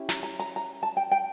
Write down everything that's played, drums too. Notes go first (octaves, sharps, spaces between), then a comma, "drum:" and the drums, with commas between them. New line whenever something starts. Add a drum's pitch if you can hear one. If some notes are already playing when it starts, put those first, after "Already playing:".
Already playing: C#4 E4 G4
A#5, drum: snare
A#5, drum: hi-hat
A#5, drum: hi-hat
A#5
A5
G5
G5